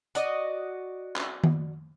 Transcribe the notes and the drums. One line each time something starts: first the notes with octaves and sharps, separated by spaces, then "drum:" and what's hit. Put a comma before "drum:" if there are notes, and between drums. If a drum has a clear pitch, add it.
F#4 D5 D#5, drum: hi-hat
drum: clap
drum: tom D#3